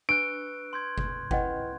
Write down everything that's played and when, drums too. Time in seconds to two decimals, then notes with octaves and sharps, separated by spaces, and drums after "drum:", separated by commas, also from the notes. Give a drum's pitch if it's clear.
0.09 D4 B4 C#6 E6 F#6 C#7 D7
0.73 C6 G6 G#6
0.98 drum: kick F#1
1.31 E4 B4 D#5 F#5 G5, drum: kick F#1